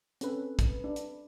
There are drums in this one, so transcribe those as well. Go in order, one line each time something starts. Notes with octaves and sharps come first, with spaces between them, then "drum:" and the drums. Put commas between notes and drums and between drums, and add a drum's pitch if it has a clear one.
C4 C#4 A4 B4, drum: hi-hat
drum: kick, hi-hat
D4
drum: hi-hat